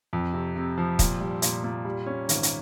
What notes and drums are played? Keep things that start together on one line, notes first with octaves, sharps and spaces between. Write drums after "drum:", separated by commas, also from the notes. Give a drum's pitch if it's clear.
F2
C3
C3
F3
A#2, drum: kick, hi-hat
G3
A#2, drum: hi-hat
A#2
G3
C#4
G#1, drum: hi-hat
drum: hi-hat